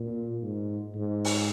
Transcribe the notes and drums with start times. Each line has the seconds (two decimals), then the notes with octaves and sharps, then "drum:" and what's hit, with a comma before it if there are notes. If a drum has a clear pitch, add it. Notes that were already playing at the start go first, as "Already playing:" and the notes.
Already playing: A#2
0.42 G#2
0.95 G#2
1.25 drum: open hi-hat